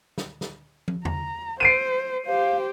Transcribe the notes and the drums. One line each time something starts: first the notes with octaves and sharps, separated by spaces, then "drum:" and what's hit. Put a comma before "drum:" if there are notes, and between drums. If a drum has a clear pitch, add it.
drum: snare
drum: snare
drum: tom
A#5, drum: tom E2
C5 C7 D7 D#7
G4 C5 F5